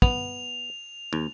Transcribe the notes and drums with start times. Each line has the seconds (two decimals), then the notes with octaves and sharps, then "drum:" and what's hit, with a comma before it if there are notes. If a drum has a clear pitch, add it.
0.02 B3 F7, drum: kick
1.13 D#2